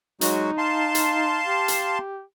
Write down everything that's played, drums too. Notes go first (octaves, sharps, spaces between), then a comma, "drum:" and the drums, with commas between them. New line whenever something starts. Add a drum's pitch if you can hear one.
F#3 G#3 D#4 F#4, drum: hi-hat
F5 A5 C6
drum: hi-hat
G4
drum: hi-hat